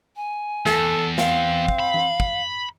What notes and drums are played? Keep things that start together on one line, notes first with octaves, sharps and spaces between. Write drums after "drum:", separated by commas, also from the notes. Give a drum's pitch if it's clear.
G#5
E2 A4, drum: snare
C4 F5, drum: snare
drum: kick
B5
drum: tom E3
drum: kick